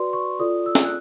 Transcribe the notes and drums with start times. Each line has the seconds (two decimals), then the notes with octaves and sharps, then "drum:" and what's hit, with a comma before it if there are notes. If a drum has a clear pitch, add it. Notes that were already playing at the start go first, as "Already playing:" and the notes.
Already playing: F#4 B4 D5 C6
0.13 C#6
0.39 F4 A4 D5 D#6
0.66 E6
0.75 drum: snare
0.85 F#6